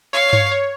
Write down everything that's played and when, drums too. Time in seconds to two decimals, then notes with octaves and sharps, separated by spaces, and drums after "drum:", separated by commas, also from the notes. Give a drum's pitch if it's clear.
0.13 C#5 F5
0.33 C#5, drum: tom G2
0.51 C#5